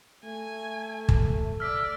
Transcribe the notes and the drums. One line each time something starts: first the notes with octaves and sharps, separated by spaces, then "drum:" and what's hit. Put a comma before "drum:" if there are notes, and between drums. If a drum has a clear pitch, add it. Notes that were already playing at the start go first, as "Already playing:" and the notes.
A3 G#5
drum: kick
D5 E6 F6 B6